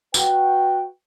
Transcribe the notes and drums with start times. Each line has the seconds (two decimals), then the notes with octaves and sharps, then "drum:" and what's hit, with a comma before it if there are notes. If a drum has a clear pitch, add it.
0.14 F#4 B4 G5, drum: tambourine